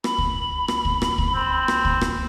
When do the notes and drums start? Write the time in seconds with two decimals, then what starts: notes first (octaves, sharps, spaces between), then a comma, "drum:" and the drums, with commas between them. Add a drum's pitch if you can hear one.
0.04 B5, drum: rim click
0.18 drum: kick C#2
0.68 drum: rim click
0.85 drum: kick C#2
1.02 drum: rim click
1.18 drum: kick C#2
1.35 C4
1.68 drum: rim click
1.85 drum: kick C#2
2.01 drum: rim click